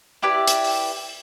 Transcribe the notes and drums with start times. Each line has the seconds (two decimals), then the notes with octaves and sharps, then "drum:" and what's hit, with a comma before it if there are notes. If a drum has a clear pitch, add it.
0.22 E4 G4 B4 D5
0.48 drum: hi-hat
0.64 drum: open hi-hat